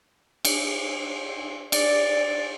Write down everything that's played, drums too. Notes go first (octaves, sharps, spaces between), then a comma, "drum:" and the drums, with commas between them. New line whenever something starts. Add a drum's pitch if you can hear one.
drum: cymbal
D5, drum: cymbal